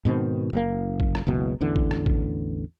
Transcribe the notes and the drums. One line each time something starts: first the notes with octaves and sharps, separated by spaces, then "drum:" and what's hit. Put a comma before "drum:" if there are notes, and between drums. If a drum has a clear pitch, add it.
G#2 B2 D#3 C4
F#1 C3 A#3
drum: kick A1
drum: rim click
F#1 C#2 B2 E3
A1 E2 D3 E3
drum: kick A1
drum: rim click
drum: kick A1